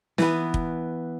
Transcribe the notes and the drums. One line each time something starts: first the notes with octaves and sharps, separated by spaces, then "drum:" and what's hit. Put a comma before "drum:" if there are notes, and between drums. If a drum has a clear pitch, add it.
E3 B3, drum: snare
drum: kick